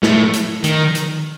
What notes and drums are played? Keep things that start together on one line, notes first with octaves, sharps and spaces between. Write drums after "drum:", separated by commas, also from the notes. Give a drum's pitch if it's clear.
A2, drum: snare
drum: hi-hat
D#3, drum: hi-hat
drum: hi-hat